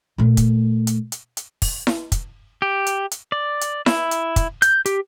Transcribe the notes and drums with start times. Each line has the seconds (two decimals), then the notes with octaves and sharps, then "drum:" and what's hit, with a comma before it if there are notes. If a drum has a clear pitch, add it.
0.18 A#2 A3
0.37 drum: kick, hi-hat
0.87 drum: hi-hat
1.12 drum: hi-hat
1.37 drum: hi-hat
1.62 drum: kick, open hi-hat
1.87 drum: snare E4
2.12 drum: kick, hi-hat
2.62 G4
2.87 drum: hi-hat
3.11 drum: hi-hat
3.32 D5
3.61 drum: hi-hat
3.86 E4, drum: snare E4
4.11 drum: hi-hat
4.36 drum: kick, hi-hat
4.62 G6, drum: hi-hat
4.86 G4, drum: hi-hat